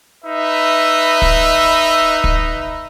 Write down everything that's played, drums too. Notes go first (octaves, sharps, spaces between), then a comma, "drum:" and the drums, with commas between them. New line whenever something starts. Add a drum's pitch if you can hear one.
D#4 B4 E5
drum: kick
drum: kick